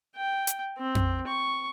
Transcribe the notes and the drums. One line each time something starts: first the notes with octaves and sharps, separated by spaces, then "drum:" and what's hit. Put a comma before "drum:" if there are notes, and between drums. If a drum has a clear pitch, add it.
G5
drum: hi-hat
C4
drum: tom F2
C#6